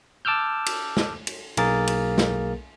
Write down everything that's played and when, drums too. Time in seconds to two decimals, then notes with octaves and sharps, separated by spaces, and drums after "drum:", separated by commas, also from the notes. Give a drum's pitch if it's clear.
0.25 A5 D6 E6 F6 G6
0.66 drum: cymbal
0.97 drum: snare
1.27 drum: cymbal
1.57 B1 A#3 G#4 A#4 A6, drum: cymbal
1.87 drum: cymbal
2.18 drum: snare